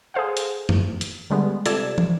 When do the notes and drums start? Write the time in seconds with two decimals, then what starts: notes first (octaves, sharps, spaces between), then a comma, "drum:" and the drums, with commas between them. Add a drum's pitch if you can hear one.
0.14 G#4 A4 C5 F5 F#5
0.37 drum: hi-hat
0.69 drum: tom F#2
1.01 drum: hi-hat
1.30 D3 G3 G#3 B3
1.66 C3 F4 A4 D5 G#6 E7, drum: hi-hat
1.98 drum: tom